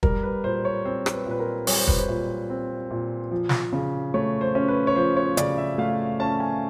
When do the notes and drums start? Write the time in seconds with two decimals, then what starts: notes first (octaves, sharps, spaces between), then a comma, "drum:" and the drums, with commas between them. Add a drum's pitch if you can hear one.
0.03 G3 A#4, drum: kick
0.23 B4
0.44 A#2 C5
0.65 C#5
0.85 C4 C5
1.06 C5, drum: rim click
1.13 B4
1.26 A#2
1.31 B4
1.40 A#4
1.67 G3 C#5, drum: open hi-hat
1.77 C5
1.88 B4, drum: kick
1.97 C5
2.08 A#2
2.50 C4
2.91 A#2
3.31 F3
3.49 drum: snare
3.73 C#3
4.14 A3 C#5
4.41 C5
4.55 C#4
4.68 B4
4.87 C#5
4.96 F3 C5
5.17 C#5
5.37 C#3 D5, drum: hi-hat
5.58 E5
5.78 A3 F5
6.19 C#4 A5
6.40 G#5